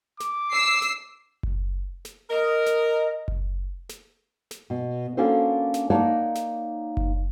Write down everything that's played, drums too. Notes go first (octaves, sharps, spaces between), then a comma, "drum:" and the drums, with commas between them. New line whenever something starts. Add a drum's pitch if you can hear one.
D6, drum: snare
E6 C7
drum: snare
drum: kick F#1
drum: snare
A#4 D#5
drum: snare
drum: kick F#1
drum: snare
drum: snare
B2
A#3 C#4 D4 F#4 A4 C5
drum: snare
A#3 D#4 C#5 D5 F#5 A5
drum: snare
drum: kick F#1